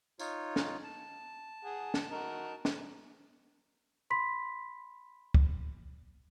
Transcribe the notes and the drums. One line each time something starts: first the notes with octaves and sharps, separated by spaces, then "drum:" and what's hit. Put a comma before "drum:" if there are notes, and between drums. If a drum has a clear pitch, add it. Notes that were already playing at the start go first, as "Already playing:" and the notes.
D#4 F4 C#5, drum: tambourine
drum: snare
A5
G#4 F#5
drum: snare
D#4 F#4 A#4
drum: snare
B5 C6 B6
drum: kick